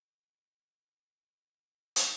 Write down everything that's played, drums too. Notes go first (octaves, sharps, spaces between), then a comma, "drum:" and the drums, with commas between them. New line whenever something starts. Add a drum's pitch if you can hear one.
F2 D#3 F#3 G3 D#4
F#5
drum: hi-hat